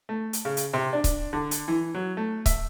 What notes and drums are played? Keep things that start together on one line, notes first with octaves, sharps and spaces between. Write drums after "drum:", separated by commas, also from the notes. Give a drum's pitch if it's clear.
A3
drum: hi-hat
C#3
drum: hi-hat
C3
D4
drum: kick C#1, hi-hat
D3
drum: hi-hat
E3
F#3
A3
E5, drum: kick C#1, hi-hat